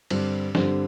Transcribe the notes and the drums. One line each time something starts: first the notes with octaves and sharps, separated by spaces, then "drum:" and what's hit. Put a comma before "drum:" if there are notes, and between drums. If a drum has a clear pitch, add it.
G2 D3 G3 C4, drum: cymbal
G2 D3 G3 C4, drum: snare